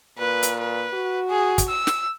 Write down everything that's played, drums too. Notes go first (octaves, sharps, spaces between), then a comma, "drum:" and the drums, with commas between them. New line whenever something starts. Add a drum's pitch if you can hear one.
A#2 B4
drum: hi-hat
B4
F#4
G#4
drum: kick, hi-hat
E6
drum: snare